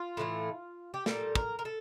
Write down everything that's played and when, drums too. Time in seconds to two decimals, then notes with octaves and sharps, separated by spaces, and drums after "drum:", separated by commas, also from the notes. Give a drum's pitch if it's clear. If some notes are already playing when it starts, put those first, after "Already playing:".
Already playing: F4
0.17 A2 E3 A3
0.94 G4
1.06 A#2 G3 A4, drum: snare
1.35 A#4, drum: kick
1.59 A#4
1.65 A4